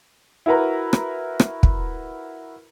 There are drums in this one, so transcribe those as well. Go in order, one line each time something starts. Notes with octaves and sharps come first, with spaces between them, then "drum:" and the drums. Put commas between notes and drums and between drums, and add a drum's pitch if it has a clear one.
E4 F#4 A#4 B4 A#5
drum: rim click
drum: rim click
drum: kick